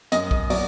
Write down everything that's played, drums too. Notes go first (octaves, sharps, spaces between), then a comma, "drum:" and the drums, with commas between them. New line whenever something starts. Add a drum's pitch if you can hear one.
F#2 D#5, drum: hi-hat
drum: kick B1
F#3 D5, drum: open hi-hat